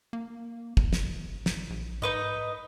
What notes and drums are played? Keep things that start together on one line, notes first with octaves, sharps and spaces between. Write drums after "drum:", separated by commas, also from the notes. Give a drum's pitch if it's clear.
A#3
G#1, drum: kick
drum: snare
drum: snare
A#1
G#2 D#4 B4 D#5